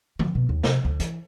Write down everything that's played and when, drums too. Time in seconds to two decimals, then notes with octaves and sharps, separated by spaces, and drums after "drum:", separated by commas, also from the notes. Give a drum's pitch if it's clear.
0.19 F3, drum: tom D3
0.35 B2
0.49 D#2
0.63 C3, drum: snare
0.85 D2
1.00 E3, drum: hi-hat